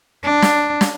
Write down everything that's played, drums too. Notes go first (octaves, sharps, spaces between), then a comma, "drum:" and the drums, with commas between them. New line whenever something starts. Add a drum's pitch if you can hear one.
D4
drum: snare
drum: snare